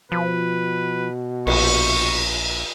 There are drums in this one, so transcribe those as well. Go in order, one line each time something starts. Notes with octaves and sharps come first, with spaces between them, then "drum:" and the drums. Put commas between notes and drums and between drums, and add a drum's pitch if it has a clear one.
B2 F3 B4
A#1 C#6, drum: cymbal